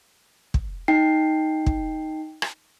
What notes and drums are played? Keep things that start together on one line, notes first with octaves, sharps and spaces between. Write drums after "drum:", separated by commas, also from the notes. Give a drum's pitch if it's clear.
drum: kick
D#4 G5 C7
drum: kick
drum: rim click